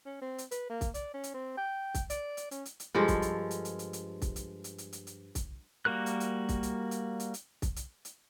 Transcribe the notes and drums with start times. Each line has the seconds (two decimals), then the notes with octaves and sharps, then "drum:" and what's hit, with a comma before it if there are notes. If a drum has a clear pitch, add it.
0.05 C#4
0.22 C4
0.38 drum: hi-hat
0.51 B4, drum: hi-hat
0.69 A#3
0.81 drum: kick, hi-hat
0.94 D5, drum: hi-hat
1.14 C#4
1.24 drum: hi-hat
1.34 C4
1.57 G5
1.94 drum: kick, hi-hat
2.10 D5, drum: hi-hat
2.37 drum: hi-hat
2.51 C#4, drum: hi-hat
2.65 drum: hi-hat
2.80 drum: hi-hat
2.94 G2 F3 G#3 A4
3.08 drum: kick, hi-hat
3.22 drum: hi-hat
3.51 drum: hi-hat
3.65 drum: hi-hat
3.79 drum: hi-hat
3.93 drum: hi-hat
4.22 drum: kick, hi-hat
4.36 drum: hi-hat
4.64 drum: hi-hat
4.78 drum: hi-hat
4.93 drum: hi-hat
5.07 drum: hi-hat
5.35 drum: kick, hi-hat
5.85 G3 A#3 F#4 A#4 F#6
6.06 drum: hi-hat
6.20 drum: hi-hat
6.49 drum: kick, hi-hat
6.63 drum: hi-hat
6.91 drum: hi-hat
7.20 drum: hi-hat
7.34 drum: hi-hat
7.62 drum: kick, hi-hat
7.76 drum: hi-hat
8.05 drum: hi-hat